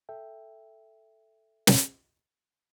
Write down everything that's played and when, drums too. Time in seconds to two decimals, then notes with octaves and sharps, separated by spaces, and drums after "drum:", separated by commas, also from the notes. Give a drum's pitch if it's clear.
0.09 A4 E5 G5
1.67 drum: snare